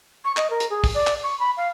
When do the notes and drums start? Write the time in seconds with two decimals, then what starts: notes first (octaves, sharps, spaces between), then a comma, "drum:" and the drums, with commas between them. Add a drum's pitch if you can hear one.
0.25 C#6
0.37 D#5, drum: clap
0.50 A#4
0.60 drum: hi-hat
0.70 G#4
0.84 drum: kick, open hi-hat
0.94 D5
1.07 drum: clap
1.23 C#6
1.40 B5
1.57 F5